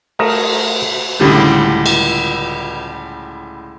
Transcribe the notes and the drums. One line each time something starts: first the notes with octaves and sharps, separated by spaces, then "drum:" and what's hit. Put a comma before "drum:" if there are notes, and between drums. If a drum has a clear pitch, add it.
A3 A#4 D#5, drum: cymbal
C#2 A2 D3 G3
drum: cymbal